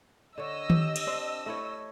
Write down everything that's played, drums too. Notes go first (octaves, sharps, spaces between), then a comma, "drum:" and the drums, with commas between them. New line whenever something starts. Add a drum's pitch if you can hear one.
D3 C#5 D#5 E6
G4, drum: tom D#3
drum: cymbal
C4 D4
A3 E4 C#5